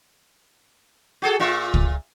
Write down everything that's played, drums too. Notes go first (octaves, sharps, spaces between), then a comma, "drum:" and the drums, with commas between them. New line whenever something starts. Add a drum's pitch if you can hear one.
F#4 G#4 A4
A#2 F4 E5
drum: kick